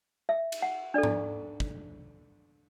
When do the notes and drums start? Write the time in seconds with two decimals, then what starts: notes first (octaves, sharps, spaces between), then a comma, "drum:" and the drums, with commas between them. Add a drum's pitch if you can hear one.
0.29 E5
0.52 drum: cymbal
0.62 F#5
0.94 D4 A4 D5
1.03 drum: tom G#2
1.60 drum: kick